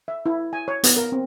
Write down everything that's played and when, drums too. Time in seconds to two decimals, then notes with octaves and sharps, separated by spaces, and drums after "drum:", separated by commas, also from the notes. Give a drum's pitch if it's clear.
0.08 E5
0.26 E4
0.53 G#5
0.68 C#5
0.84 B3, drum: hi-hat
0.97 A#4
1.12 C4